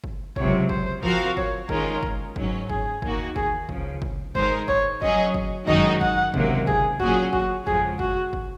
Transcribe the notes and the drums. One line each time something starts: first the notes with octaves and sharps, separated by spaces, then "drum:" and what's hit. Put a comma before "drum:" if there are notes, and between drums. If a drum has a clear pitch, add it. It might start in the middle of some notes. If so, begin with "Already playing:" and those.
drum: kick
C#2 C3 F#3 C#5, drum: kick
C5, drum: kick
F3 C4 F#4 A#4 F5, drum: kick
C#5, drum: kick
D#3 G#3 C#4 F4 A#4, drum: kick
drum: kick
G#2 F#3 C#4, drum: kick
G#4, drum: kick
D#2 D#3 A#3 D#4 F#4, drum: kick
G#4, drum: kick
C#2 C#3 F3, drum: kick
drum: kick
G#2 D#3 G#3 D#4 A#4 C5, drum: kick
C#5, drum: kick
F#3 C#4 G#4 D#5, drum: kick
drum: kick
F#2 D#3 G#3 D#4 F#4 D#5, drum: kick
F#5, drum: kick
C#2 C3 D#3 F#3 A#3, drum: kick
G#4, drum: kick
A#2 F#3 C#4 F#4 G#4, drum: kick
F#4, drum: kick
F2 C#3 F3 G#3 G#4, drum: kick
F#4, drum: kick
drum: kick